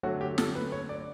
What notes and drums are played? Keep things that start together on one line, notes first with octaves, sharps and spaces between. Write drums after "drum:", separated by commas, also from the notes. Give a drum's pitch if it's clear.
D3 F#3 A3 F#4
G4
A4, drum: snare
B4
C#5
D5